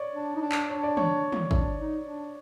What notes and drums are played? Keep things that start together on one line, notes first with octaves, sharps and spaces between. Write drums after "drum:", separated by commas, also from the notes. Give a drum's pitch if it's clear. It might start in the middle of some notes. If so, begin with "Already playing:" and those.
Already playing: C#5 D5
D4
D#4
D4
drum: clap
D4 C#5
D5
C#5, drum: tom
drum: tom
D4, drum: kick
D#4
D4